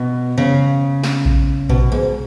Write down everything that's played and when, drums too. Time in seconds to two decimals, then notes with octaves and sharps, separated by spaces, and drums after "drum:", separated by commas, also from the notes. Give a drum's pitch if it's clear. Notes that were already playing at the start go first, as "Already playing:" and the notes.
Already playing: B2
0.38 C#3
1.03 drum: snare
1.25 drum: kick A#1
1.69 B2, drum: kick A#1
1.92 G#2